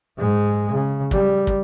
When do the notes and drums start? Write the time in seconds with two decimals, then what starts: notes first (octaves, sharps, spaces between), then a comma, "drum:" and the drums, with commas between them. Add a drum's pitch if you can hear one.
0.18 G#2 G#3
0.72 C#3
1.11 G3, drum: kick
1.47 drum: kick